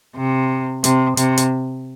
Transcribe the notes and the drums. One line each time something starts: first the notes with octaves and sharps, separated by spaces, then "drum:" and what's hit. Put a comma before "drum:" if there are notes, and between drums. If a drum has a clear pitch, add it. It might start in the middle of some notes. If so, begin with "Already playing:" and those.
C3
C3, drum: hi-hat
C3, drum: hi-hat
drum: hi-hat